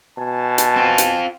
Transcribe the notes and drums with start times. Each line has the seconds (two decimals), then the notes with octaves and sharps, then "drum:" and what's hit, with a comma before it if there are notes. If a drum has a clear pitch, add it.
0.18 B2 G#5 A5
0.58 drum: hi-hat
0.76 C4 F4
0.98 drum: hi-hat